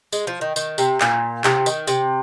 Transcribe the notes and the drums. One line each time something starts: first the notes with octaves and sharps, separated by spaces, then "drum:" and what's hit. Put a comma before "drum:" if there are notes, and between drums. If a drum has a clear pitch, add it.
G#3, drum: tambourine
F3
D#3
D#3, drum: tambourine
C3, drum: tambourine
A#2, drum: clap
C3, drum: clap
D#3, drum: tambourine
C3, drum: tambourine